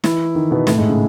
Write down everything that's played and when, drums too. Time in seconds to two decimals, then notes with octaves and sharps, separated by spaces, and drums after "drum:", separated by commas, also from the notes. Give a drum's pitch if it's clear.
0.04 E3 E4, drum: snare
0.35 D#3 D#4
0.51 B2 B3
0.67 A2 A3, drum: snare
0.78 G#2 G#3
0.88 C#3